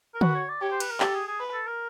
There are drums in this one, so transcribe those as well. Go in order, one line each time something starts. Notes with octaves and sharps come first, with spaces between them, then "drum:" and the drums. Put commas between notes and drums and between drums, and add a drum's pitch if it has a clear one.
A#4
F#4 B4, drum: tom D3
C#5
D5
G4 C#5
C5
B4, drum: cymbal
A#4
G4 A4, drum: clap
G#4
G#4
B4
A4
A#4